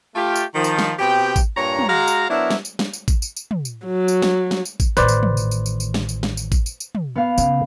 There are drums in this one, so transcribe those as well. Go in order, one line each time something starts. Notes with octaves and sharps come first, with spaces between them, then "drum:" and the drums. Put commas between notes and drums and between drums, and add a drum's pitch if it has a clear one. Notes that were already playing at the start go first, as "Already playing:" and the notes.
A3 F4 G4
drum: tambourine
D#3 F3
drum: tambourine
drum: snare
B2 C4 G4 G5
drum: kick G#1, tambourine
G2 A#2 C#5 A#5
drum: tom
G#3 F#4 F5 A#5
drum: tambourine
F#3 B3 D4 E4 A#4 E5
drum: snare
drum: tambourine
drum: snare
drum: tambourine
drum: kick G#1, tambourine
drum: tambourine
drum: tambourine
drum: tom
drum: tambourine
F#3
drum: tambourine
drum: snare
drum: snare
drum: tambourine
drum: kick G#1, tambourine
A1 D#3 B4 C5 D5, drum: tambourine
drum: tambourine
drum: tom
drum: tambourine
drum: tambourine
drum: tambourine
drum: tambourine
drum: snare
drum: tambourine
drum: snare
drum: tambourine
drum: kick G#1, tambourine
drum: tambourine
drum: tambourine
drum: tom
B3 F5
C#3, drum: tambourine